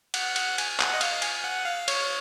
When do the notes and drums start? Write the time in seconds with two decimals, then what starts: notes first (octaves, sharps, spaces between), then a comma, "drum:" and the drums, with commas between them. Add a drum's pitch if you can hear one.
0.14 F#5, drum: cymbal
0.36 F#5, drum: cymbal
0.58 G#5, drum: cymbal
0.80 F#5, drum: clap
0.94 D#5
1.01 F5, drum: cymbal
1.22 G#5, drum: cymbal
1.44 F#5
1.65 F5
1.88 C#5, drum: cymbal